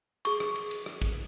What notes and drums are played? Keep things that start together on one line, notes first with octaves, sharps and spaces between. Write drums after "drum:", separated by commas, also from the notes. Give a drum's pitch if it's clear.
G#4 C#6, drum: cymbal
drum: rim click
drum: cymbal
drum: cymbal
drum: rim click
drum: kick